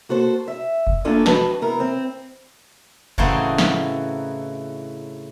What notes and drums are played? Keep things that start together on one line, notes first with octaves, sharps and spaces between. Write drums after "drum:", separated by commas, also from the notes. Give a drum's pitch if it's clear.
A#3 F#4 A4 C5
E5
drum: kick F1
A3 A#3 D4 F4 A4 G#5
F2 G3 F#4 B4 D#5 A5, drum: snare
E3 B3 A#4
C4
A2 C#3 E3 C4 D#4 F#4, drum: kick F1
drum: snare